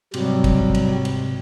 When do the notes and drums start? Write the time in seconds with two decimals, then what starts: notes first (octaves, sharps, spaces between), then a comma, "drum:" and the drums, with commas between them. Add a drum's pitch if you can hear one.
0.14 G#2 C3 F#3 G3, drum: cymbal
0.44 drum: kick, cymbal
0.75 drum: cymbal
1.05 drum: cymbal